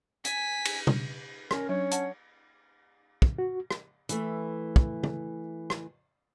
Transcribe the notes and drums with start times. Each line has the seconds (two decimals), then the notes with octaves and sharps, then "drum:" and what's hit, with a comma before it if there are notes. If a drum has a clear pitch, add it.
0.25 G#5 B6, drum: hi-hat
0.65 drum: cymbal
0.87 drum: tom B2
1.51 C#4 A#4, drum: rim click
1.69 F#3 D4 C#5
1.91 F#5 A5, drum: hi-hat
3.22 drum: kick
3.38 F#4
3.71 drum: rim click
4.09 E3 A3, drum: hi-hat
4.76 drum: kick
5.04 drum: tom
5.70 drum: rim click